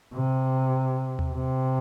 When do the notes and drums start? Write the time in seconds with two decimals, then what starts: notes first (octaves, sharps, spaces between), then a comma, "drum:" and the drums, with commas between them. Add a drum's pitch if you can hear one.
0.15 C3
1.19 drum: tom D#2
1.35 C3